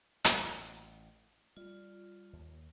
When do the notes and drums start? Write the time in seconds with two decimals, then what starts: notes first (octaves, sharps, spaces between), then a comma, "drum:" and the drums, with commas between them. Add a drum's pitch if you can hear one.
0.24 A1, drum: hi-hat
1.57 G3 F4
2.33 D#2